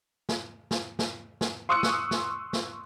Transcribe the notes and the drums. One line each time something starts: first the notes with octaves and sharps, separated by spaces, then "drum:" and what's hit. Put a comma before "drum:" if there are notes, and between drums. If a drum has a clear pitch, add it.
drum: snare
drum: snare
drum: snare
drum: snare
C6 C#6 D#6 E6 F#6 C#7
drum: snare
drum: snare
drum: snare